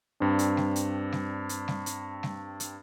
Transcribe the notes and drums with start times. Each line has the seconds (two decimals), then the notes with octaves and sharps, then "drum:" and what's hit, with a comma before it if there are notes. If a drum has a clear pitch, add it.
0.20 G2 C4 D4
0.39 drum: hi-hat
0.57 drum: snare G3
0.76 drum: hi-hat
1.12 drum: snare G3
1.49 drum: hi-hat
1.68 drum: snare G3
1.86 drum: hi-hat
2.23 drum: snare G3
2.60 drum: hi-hat